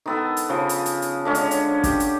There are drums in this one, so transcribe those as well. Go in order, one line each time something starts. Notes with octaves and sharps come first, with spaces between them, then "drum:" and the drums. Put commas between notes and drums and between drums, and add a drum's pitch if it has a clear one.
D#3 B3 A4
drum: hi-hat
C#3 F3
drum: hi-hat
drum: hi-hat
drum: hi-hat
D3 G#3 C#4
drum: hi-hat
drum: hi-hat
G4, drum: kick, hi-hat
drum: hi-hat